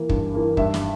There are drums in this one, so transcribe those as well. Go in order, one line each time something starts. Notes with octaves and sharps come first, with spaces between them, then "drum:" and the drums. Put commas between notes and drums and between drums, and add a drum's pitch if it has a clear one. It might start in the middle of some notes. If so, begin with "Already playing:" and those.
Already playing: E3 A#3
G2, drum: kick
E3 A#3
G2 E5, drum: kick
drum: snare